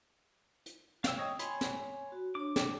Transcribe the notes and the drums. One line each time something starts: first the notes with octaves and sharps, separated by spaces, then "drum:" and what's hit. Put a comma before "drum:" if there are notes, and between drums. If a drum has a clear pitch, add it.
drum: hi-hat
F5 E6, drum: snare
C#5 D#5 G5
C#5 G#5 B5 C6, drum: hi-hat
drum: snare
F#4
D4 C#5 D6
drum: snare